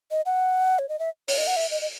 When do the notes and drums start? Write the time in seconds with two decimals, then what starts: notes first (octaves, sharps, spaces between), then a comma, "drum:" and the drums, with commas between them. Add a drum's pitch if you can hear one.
0.11 D#5
0.26 F#5
0.79 C#5
0.89 D#5
0.99 E5
1.28 C#5, drum: open hi-hat
1.38 D#5
1.47 F#5
1.56 E5
1.71 D#5
1.82 D#5